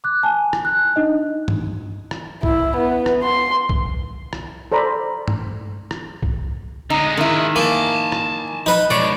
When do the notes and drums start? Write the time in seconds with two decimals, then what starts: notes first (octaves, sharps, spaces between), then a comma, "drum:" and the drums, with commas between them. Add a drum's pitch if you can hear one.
0.04 D6 F#6
0.23 G#5 A5
0.53 drum: rim click
0.65 F#6
0.96 D4 D#4 D#5
1.48 drum: tom G2
2.11 drum: rim click
2.43 E4, drum: kick B1
2.77 B3
3.06 drum: rim click
3.23 C6
3.69 drum: kick B1
4.33 drum: rim click
4.72 A4 C5 D5 A#5 B5
5.28 drum: tom G2
5.91 drum: rim click
6.22 drum: kick B1
6.90 D3 G#3 D#4
7.17 D#3 G#3 E4 B4
7.56 A#3 G#5 A5
8.12 drum: rim click
8.66 D#4 B4
8.90 B2 G#3 C#5 D5